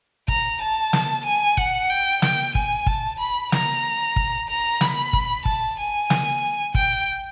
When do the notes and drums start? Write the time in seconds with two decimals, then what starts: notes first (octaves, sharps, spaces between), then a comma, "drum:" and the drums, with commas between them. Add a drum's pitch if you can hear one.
0.28 A#5, drum: kick
0.61 A5
0.93 drum: snare
1.25 G#5
1.57 F#5, drum: kick
1.90 G5
2.22 G5, drum: snare
2.55 G#5, drum: kick
2.86 A5, drum: kick
3.19 B5
3.52 A#5, drum: snare
4.16 drum: kick
4.49 A#5
4.81 B5, drum: snare
5.13 drum: kick
5.45 A5, drum: kick
5.78 G#5
6.10 drum: snare
6.75 G5, drum: kick